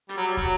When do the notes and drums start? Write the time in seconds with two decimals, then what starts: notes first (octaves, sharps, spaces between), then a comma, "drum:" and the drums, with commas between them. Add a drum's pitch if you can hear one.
0.09 G3, drum: hi-hat
0.17 F#3
0.27 G3
0.37 F#3, drum: kick